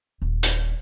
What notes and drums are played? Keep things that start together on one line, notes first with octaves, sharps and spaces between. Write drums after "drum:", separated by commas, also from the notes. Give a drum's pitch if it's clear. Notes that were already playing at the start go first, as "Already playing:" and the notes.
D#1
drum: hi-hat